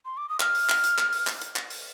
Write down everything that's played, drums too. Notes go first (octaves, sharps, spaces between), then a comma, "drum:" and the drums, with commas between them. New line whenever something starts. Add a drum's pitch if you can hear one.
C6
D6
D#6
F6, drum: clap
drum: open hi-hat
drum: clap
drum: hi-hat
drum: clap
drum: open hi-hat
drum: clap
drum: hi-hat
drum: clap
drum: open hi-hat